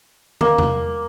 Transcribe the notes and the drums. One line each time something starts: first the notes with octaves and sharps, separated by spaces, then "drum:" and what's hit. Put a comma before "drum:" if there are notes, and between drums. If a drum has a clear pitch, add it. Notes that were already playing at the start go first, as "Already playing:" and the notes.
A#3, drum: tom
drum: tom E2